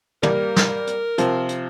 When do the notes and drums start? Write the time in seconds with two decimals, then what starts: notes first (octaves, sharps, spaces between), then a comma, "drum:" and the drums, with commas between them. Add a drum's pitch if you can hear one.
0.23 G3 A#3 A#4, drum: tom
0.56 drum: snare
0.87 drum: hi-hat
1.18 C3 F3, drum: hi-hat
1.49 drum: hi-hat